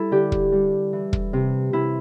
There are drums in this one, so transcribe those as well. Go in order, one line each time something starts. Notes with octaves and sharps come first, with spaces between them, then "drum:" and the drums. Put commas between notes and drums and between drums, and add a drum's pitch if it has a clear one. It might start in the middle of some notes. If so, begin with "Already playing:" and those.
Already playing: G3 E4 A4
D3 G4
drum: kick
G3
E3
drum: kick
C3
C3 E4